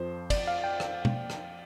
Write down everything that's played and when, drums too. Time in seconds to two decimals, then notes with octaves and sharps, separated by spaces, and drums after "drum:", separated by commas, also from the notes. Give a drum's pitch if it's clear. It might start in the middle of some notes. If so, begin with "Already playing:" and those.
Already playing: F2 F3 C5
0.30 D5, drum: kick G1, cymbal
0.47 F5
0.64 G5
0.80 drum: rim click
1.05 drum: tom B2
1.30 drum: rim click